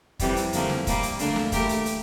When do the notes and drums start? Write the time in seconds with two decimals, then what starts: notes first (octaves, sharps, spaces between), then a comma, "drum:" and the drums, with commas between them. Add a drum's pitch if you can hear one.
0.19 F2 C3 E3 G3, drum: kick, hi-hat
0.36 drum: hi-hat
0.53 F2 D3 F3 A3 A#3, drum: hi-hat
0.70 drum: snare
0.87 A#2 G3 A#3, drum: kick, hi-hat
1.03 drum: hi-hat
1.19 D2 D3 A3 A#3 D4, drum: hi-hat
1.36 drum: snare
1.52 E2 E3 A3 G4 A#4, drum: kick, hi-hat
1.69 drum: hi-hat
1.86 drum: hi-hat